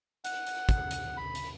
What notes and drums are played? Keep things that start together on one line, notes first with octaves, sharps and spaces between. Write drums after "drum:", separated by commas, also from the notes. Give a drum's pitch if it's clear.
F#5, drum: hi-hat
drum: hi-hat
drum: kick, hi-hat
drum: hi-hat
B5
drum: hi-hat